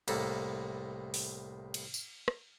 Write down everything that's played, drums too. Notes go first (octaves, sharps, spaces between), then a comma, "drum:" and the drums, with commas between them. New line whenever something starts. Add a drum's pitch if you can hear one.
C2 A2 A#3 A4, drum: cymbal
drum: open hi-hat
drum: cymbal
drum: tambourine
drum: rim click